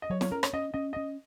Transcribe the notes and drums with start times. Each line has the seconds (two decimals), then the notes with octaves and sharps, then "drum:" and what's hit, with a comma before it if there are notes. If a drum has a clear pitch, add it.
0.02 D#5
0.10 F#3 C#5
0.21 C#5, drum: snare
0.31 C#4 A#4
0.43 C#5, drum: rim click
0.53 C#4 D#5
0.74 C#4 D#5
0.93 C#4 D#5